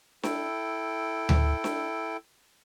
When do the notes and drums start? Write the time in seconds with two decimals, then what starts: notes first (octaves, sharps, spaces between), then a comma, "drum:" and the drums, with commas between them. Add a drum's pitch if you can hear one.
0.23 E4 A4 G5, drum: snare D4
1.29 drum: tom D2
1.64 drum: snare D4